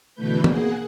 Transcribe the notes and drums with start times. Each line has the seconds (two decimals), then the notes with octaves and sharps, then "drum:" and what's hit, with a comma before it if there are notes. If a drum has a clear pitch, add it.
0.14 B2 D3 E3 A3 B4 G6
0.44 A#3 G#4 F#5, drum: tom